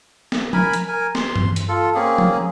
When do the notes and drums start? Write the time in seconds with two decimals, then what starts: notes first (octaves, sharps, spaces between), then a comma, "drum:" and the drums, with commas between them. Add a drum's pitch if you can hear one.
0.32 drum: snare
0.53 A#4 G#5 B5, drum: tom F3
0.73 drum: hi-hat
0.88 A#4 G#5
1.15 C6, drum: snare
1.36 drum: tom G2
1.56 drum: hi-hat
1.68 F4 A4
1.95 A#3 C4 C#4 G#4
2.18 drum: tom F3